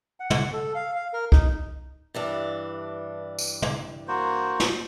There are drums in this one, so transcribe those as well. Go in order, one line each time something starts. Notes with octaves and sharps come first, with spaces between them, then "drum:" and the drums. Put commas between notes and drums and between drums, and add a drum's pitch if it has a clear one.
F#5
drum: tom
A4
F5
F5
A#4
D#4, drum: kick C2
G2 E3 D4
drum: tambourine
drum: tom
A#3 F#4 C5
drum: snare